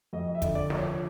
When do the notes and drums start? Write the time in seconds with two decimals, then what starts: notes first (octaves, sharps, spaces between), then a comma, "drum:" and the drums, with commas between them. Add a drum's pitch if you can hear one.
0.13 F2 D#5
0.35 E5
0.42 D3, drum: kick, hi-hat
0.55 D5
0.70 F3, drum: snare
0.76 C#5